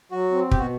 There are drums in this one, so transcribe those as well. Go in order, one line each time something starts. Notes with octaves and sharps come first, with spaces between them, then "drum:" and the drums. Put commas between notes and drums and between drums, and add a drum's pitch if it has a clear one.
F#3 F#4
C4
B2 G4, drum: kick
F#4